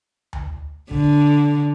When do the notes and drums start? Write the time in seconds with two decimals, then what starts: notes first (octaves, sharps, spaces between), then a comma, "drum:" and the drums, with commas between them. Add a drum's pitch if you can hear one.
0.33 drum: tom D2
0.91 D3, drum: kick